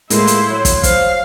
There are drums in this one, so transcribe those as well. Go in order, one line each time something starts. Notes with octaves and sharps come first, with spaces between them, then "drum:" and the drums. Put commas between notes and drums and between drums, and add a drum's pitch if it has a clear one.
A2 G#3 A#3 E4 F4 C5, drum: hi-hat
drum: hi-hat
F#3
drum: kick, hi-hat
C5 F5, drum: kick, hi-hat